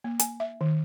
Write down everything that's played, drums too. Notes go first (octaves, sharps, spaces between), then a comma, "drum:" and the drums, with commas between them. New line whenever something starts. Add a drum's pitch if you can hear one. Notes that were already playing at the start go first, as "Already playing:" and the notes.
A#3
G#5, drum: hi-hat
E5
D#3